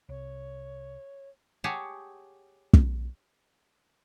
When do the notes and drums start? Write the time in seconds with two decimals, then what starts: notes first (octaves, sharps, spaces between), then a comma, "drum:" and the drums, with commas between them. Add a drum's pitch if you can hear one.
0.09 C2 C#5
1.64 G4 G#4 C#5 F#5 G#5 A5
2.73 drum: kick